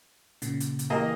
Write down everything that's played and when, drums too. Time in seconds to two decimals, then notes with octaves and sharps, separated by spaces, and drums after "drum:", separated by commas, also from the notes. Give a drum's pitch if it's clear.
0.42 A#2 C#3, drum: hi-hat
0.60 drum: hi-hat
0.79 drum: hi-hat
0.90 E3 A#3 G4 G#4 D#5